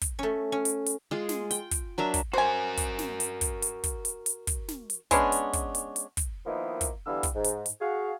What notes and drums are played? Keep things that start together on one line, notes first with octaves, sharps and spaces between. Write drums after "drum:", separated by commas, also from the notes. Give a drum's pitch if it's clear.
drum: kick, hi-hat
A3 C#4
C#4
drum: hi-hat
drum: hi-hat
G#3 F4 G#4
drum: snare
G5, drum: hi-hat
drum: kick, hi-hat
F#3 D4 A#4 E5
drum: kick, hi-hat
F#4 A#4 C5 G#5
drum: kick, hi-hat
drum: snare
drum: hi-hat
drum: kick, hi-hat
drum: hi-hat
drum: kick, hi-hat
drum: hi-hat
drum: hi-hat
drum: kick, hi-hat
drum: snare
drum: hi-hat
G#3 B3 C#4 D4, drum: kick, hi-hat
drum: hi-hat
drum: kick, hi-hat
drum: hi-hat
drum: hi-hat
drum: kick, hi-hat
D#3 F3 A#3 B3 D#4 E4
drum: kick, hi-hat
D3 E3 G3 B3 F5 E6
drum: kick, hi-hat
G#2
drum: hi-hat
drum: hi-hat
F#4 G#4 F5